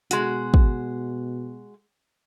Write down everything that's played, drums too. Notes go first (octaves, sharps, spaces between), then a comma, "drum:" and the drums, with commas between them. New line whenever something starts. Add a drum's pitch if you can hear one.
B2 G#3 F#4, drum: hi-hat
drum: kick